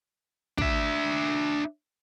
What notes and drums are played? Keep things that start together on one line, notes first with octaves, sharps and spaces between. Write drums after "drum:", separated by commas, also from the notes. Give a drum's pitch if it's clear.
D4 E5, drum: kick